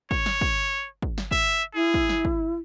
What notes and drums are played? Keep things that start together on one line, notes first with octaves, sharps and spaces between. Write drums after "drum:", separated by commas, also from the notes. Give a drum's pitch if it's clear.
C#5, drum: kick
drum: snare
drum: kick
drum: kick
drum: snare
E5, drum: kick
E4 G#4
drum: kick
drum: snare
drum: kick